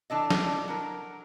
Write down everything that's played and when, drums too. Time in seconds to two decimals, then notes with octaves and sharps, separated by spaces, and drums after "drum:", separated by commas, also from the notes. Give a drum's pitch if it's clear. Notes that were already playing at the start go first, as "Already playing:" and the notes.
0.10 E3 D4 A4 D#5
0.30 drum: snare
0.68 F#3 A#4